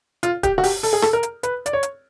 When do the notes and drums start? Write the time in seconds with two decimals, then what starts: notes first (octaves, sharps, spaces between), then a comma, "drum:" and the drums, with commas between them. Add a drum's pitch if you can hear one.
0.23 F4, drum: hi-hat
0.43 G4, drum: kick D1, hi-hat
0.58 F#4
0.64 G4, drum: open hi-hat
0.83 A4, drum: open hi-hat
0.93 G#4
1.02 A4, drum: rim click
1.13 A#4
1.23 drum: hi-hat
1.43 B4, drum: hi-hat
1.66 D5, drum: hi-hat
1.73 C#5
1.83 drum: hi-hat